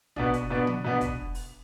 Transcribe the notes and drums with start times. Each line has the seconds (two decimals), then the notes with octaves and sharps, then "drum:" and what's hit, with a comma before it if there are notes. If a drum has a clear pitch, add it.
0.16 B2 B3 D4, drum: tom
0.33 drum: hi-hat
0.50 B2 B3 D4
0.67 drum: tom
0.84 B2 B3 D4
1.01 drum: kick, hi-hat
1.35 drum: open hi-hat